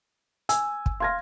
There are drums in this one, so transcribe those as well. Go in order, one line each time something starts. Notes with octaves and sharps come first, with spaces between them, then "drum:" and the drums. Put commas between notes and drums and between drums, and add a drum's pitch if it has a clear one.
G#5 E6, drum: hi-hat
drum: kick
F5 C6 F6 G#6 A#6